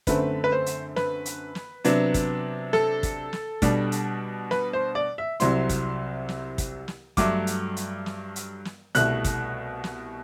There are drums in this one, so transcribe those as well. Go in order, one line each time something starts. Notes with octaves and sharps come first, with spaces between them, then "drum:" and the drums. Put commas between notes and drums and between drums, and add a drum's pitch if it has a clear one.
F#2 D3 A3 C4 B4, drum: kick, hi-hat
B4
C5
drum: hi-hat
B4, drum: snare
drum: hi-hat
drum: snare
C3 F#3 B3 D4, drum: hi-hat
drum: kick, hi-hat
A4, drum: snare
drum: kick, hi-hat
drum: snare
B2 G3 D4, drum: kick, hi-hat
drum: hi-hat
B4, drum: snare
C5
D5
E5
C2 C3 F#3 C4 E4 C6, drum: hi-hat
drum: kick, hi-hat
drum: snare
drum: kick, hi-hat
drum: snare
G2 F#3 A3 D6, drum: kick, hi-hat
drum: hi-hat
drum: hi-hat
drum: snare
drum: hi-hat
drum: snare
C2 B2 A3 E4 F#6, drum: hi-hat
drum: kick, hi-hat
drum: snare